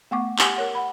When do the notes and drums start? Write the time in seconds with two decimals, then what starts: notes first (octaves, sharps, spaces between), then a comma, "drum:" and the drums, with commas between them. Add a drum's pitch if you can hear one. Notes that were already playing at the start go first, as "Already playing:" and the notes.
0.11 A3 B3 F#5 C#6 D6
0.39 G4 F#5 G#5 C6 D6, drum: clap
0.56 A#4 C#5 F#5
0.75 F#5 B5